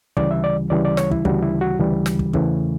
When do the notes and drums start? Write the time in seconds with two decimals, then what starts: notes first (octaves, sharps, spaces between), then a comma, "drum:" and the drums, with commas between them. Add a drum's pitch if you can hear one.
0.17 D2 C#3 E3 G3 D5, drum: kick
0.31 E5
0.44 D5
0.70 D2 C#3 E3 G3 D5
0.85 D5
0.97 C#5, drum: snare
1.11 E4, drum: kick
1.25 D2 C#3 E3 G3 F#4, drum: kick
1.42 E4
1.61 F#4
1.79 D2 C#3 E3 G3
2.06 drum: snare
2.19 drum: kick
2.33 E2 C#3 E3 A3, drum: kick